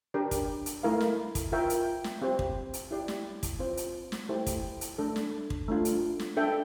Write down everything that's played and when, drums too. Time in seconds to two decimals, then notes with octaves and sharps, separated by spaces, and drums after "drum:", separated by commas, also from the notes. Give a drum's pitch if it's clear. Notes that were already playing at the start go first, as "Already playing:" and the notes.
0.14 D4 G4 A#4 D5
0.31 drum: kick, hi-hat
0.66 drum: hi-hat
0.83 A3 E4 A#4 F5
1.00 drum: snare
1.35 drum: kick, hi-hat
1.52 F4 A#4 E5 G5
1.70 drum: hi-hat
2.04 drum: snare
2.22 C4 G4 C5
2.39 drum: kick
2.73 drum: hi-hat
2.91 E4 G4 D5
3.08 drum: snare
3.43 drum: kick, hi-hat
3.59 C4 F4 C5
3.77 drum: hi-hat
4.12 drum: snare
4.29 A3 E4 G4 C5 G5
4.46 drum: kick, hi-hat
4.81 drum: hi-hat
4.98 A3 D4 A4
5.16 drum: snare
5.50 drum: kick
5.68 A3 D4 F4
5.85 drum: hi-hat
6.19 drum: snare
6.37 D4 A4 E5 G5